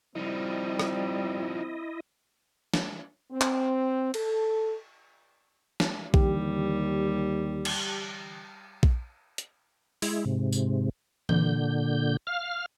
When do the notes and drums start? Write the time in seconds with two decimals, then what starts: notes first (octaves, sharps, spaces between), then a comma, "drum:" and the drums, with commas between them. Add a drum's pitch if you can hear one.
0.15 F3 G3 C4 D#4 E4 D#5
0.79 drum: rim click
2.74 drum: snare
3.31 C4
3.41 drum: clap
4.14 A4, drum: cymbal
5.80 drum: snare
6.14 D#2 D3 E3 G3 G4, drum: kick A#1
7.65 drum: cymbal
8.83 drum: kick A#1
9.38 drum: hi-hat
10.02 G#3 E4, drum: open hi-hat
10.25 G#2 C3
10.52 drum: tambourine
11.29 A#2 D3 G6, drum: tom E3
12.27 F5 F6